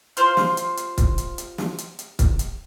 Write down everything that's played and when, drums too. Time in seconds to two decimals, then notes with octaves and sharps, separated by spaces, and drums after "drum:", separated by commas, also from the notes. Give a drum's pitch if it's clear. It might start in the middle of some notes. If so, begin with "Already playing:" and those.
0.17 F4 C5 C6 F6, drum: hi-hat
0.37 drum: snare
0.57 drum: hi-hat
0.77 drum: hi-hat
0.98 drum: kick, hi-hat
1.18 drum: hi-hat
1.38 drum: hi-hat
1.58 drum: snare
1.78 drum: hi-hat
1.99 drum: hi-hat
2.19 drum: kick, hi-hat
2.39 drum: hi-hat